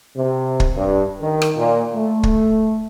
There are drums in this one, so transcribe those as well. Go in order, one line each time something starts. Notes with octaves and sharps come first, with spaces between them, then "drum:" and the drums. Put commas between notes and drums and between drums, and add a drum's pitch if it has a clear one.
C3
drum: kick
G2
D#3
drum: rim click
A#2
A3
drum: kick